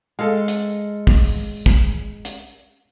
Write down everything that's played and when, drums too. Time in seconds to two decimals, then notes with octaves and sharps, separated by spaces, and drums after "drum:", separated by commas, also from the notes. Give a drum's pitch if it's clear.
0.19 G#3 A4 F5
0.48 drum: hi-hat
1.07 drum: kick, open hi-hat
1.66 drum: kick, hi-hat
2.25 drum: hi-hat